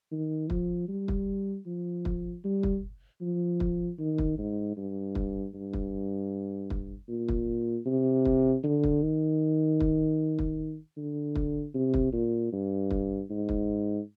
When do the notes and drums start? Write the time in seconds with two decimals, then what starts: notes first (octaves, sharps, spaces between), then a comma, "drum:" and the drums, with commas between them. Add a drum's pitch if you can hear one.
0.12 D#3
0.50 F3, drum: kick
0.88 G3
1.08 drum: kick
1.66 F3
2.05 drum: kick
2.44 G3
2.63 drum: kick
3.21 F3
3.60 drum: kick
3.99 D#3
4.18 drum: kick
4.38 G#2
4.77 G2
5.15 drum: kick
5.54 G2
5.73 drum: kick
6.70 drum: kick
7.09 A#2
7.28 drum: kick
7.86 C3
8.25 drum: kick
8.64 D3
8.83 drum: kick
9.02 D#3
9.80 drum: kick
10.39 drum: kick
10.97 D3
11.35 drum: kick
11.75 C3
11.94 drum: kick
12.13 A#2
12.52 G2
12.90 drum: kick
13.30 G#2
13.49 drum: kick